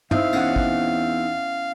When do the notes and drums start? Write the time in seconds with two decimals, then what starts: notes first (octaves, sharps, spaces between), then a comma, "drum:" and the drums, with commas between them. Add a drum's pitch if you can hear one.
0.11 C4 D#4 E4 E5 F5, drum: tom
0.33 E2 B3 C#4 F#5, drum: cymbal
0.56 drum: kick